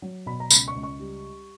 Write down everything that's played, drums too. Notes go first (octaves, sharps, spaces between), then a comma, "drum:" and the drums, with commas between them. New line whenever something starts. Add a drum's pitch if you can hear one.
F#3
B2 B5
A#5
C#2 B5, drum: tambourine
C#6
C#2
C#6
G3